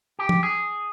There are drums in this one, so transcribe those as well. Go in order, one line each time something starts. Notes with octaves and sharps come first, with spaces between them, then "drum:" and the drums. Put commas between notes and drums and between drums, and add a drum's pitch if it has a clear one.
G4
drum: tom
G#4